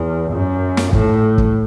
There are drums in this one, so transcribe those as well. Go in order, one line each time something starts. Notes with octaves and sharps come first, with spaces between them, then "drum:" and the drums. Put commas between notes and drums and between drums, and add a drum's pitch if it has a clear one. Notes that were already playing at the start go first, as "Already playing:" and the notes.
Already playing: E2
F#2
drum: snare
A2, drum: kick
drum: kick